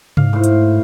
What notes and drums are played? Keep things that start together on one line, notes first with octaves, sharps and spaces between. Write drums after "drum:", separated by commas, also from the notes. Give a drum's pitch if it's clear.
G#2 F5, drum: tom C3
A2 C5
drum: hi-hat